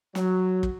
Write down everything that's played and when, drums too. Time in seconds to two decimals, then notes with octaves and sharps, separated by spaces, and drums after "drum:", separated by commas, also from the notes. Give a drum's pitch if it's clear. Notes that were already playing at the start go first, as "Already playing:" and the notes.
0.15 F#3, drum: snare
0.63 drum: kick